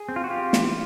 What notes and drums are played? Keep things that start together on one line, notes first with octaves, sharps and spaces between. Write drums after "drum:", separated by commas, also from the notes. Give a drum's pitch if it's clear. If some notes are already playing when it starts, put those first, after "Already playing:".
Already playing: G#4
C4
F4
F#4
C4 F4 G4
E3, drum: snare